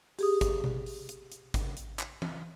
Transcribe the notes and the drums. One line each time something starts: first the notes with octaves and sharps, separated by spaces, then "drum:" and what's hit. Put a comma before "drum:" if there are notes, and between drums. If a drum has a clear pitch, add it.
G4 G#4 D#6, drum: open hi-hat
drum: kick, hi-hat
drum: tom B2
drum: open hi-hat
drum: hi-hat
drum: hi-hat
drum: kick, hi-hat
drum: hi-hat
drum: clap
drum: tom E3